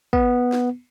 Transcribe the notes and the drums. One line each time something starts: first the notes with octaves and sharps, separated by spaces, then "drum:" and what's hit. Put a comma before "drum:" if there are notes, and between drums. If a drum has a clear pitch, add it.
B3, drum: kick
drum: snare